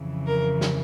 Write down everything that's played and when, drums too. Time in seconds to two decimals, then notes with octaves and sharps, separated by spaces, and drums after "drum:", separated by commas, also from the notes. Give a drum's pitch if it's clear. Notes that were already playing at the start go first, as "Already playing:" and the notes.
Already playing: F2 C#3 E3
0.26 A#4
0.61 drum: snare